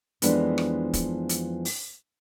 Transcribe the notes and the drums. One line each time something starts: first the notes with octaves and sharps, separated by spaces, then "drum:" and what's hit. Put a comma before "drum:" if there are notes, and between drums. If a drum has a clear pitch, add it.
F2 E3 F3 G#3 B3 D4, drum: hi-hat
drum: rim click
drum: kick, hi-hat
drum: hi-hat
drum: open hi-hat